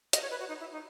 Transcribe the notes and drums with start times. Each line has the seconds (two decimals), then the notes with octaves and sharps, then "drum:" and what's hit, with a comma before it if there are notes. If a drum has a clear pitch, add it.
0.13 D#5, drum: hi-hat
0.22 C#5
0.31 B4
0.40 F#4
0.48 D#4
0.60 E4
0.72 D#4